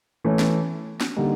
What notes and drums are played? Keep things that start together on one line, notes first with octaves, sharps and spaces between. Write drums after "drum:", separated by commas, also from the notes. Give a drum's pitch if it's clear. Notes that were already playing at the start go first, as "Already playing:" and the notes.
E3 A3 C#4
drum: snare
drum: snare
D3 G3 A#3 D#4